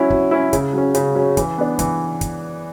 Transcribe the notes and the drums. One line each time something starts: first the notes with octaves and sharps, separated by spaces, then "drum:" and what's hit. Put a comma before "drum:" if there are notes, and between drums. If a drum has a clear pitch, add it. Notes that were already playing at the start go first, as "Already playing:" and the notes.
Already playing: F#3 C#4 E4
F#3, drum: kick
C#4 E4
C#3, drum: kick, hi-hat
F#3 C#4
C#3, drum: hi-hat
F#3 C#4
E3, drum: kick, hi-hat
B3 D4
E3, drum: kick, hi-hat
drum: kick, hi-hat